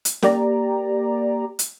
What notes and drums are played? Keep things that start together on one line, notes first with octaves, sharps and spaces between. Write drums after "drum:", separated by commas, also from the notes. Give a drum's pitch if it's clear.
drum: hi-hat
A#3 G4 D5 A#5, drum: snare C#4
drum: hi-hat